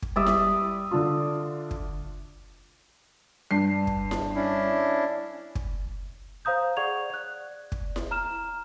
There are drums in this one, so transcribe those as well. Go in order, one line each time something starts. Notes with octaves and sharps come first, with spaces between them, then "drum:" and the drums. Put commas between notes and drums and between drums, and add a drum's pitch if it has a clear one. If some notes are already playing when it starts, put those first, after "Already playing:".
drum: kick
G3 D5 E5 D#6
drum: snare E4
D3 D4 F4
drum: kick
G2 C7
drum: kick
drum: snare E4
C#4 D4 E4
drum: kick
C5 F5 A#5 D#6 G6
G#4 D5 F#5 C#6 G#6 F7
D5 F#6
drum: kick
drum: snare E4
A#5 F6 E7